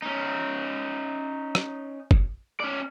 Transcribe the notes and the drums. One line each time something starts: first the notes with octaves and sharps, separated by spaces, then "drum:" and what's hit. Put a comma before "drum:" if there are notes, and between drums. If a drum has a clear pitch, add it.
C#4 D#4
drum: rim click
drum: kick
C#4 D5